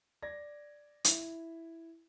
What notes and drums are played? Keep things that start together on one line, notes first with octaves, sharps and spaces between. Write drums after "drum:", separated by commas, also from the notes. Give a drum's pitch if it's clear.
D5 G#6 A#6
E4, drum: hi-hat